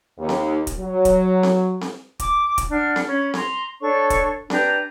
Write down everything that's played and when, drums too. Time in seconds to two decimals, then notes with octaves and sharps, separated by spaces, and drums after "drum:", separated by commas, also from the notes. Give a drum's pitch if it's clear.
0.18 D#2
0.29 drum: snare C4
0.67 drum: kick, hi-hat
0.79 F#3
1.05 drum: kick, hi-hat
1.43 drum: snare C4
1.81 drum: snare C4
2.20 D6, drum: kick, hi-hat
2.58 drum: kick, hi-hat
2.71 D4 F#5 F6
2.96 drum: snare C4
3.07 C#4 B5
3.34 A#5 C6, drum: snare C4
3.80 D4 A4 C#5 C#6
4.10 drum: kick, hi-hat
4.50 D4 G4 B4 A#5, drum: snare C4